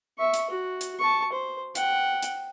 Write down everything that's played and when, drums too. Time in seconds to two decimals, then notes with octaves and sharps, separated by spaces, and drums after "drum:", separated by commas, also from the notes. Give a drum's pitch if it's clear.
0.18 E5 C#6
0.34 drum: hi-hat
0.50 F#4
0.81 drum: hi-hat
0.99 A5 C#6
1.33 C5
1.75 F#5 G5, drum: hi-hat
2.23 drum: hi-hat